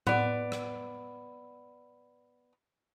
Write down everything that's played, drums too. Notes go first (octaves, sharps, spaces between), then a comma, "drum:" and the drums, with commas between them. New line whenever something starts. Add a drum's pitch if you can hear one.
B3 D5, drum: tom A2
drum: rim click